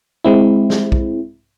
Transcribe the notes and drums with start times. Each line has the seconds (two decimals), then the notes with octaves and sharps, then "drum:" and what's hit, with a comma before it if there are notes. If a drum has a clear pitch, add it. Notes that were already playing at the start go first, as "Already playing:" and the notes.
0.24 G#3 C4 E4
0.70 drum: snare
0.92 drum: kick B1